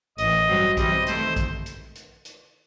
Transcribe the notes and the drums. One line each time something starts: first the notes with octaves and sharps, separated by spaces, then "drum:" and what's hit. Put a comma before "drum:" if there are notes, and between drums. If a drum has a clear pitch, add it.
A1 A2 E3 D#5, drum: hi-hat
G2 F#3 C4
C3 E3 G3 C4 D#5, drum: kick A#1, hi-hat
D#3 A3 E4 C5, drum: hi-hat
drum: kick A#1, hi-hat
drum: hi-hat
drum: hi-hat
drum: hi-hat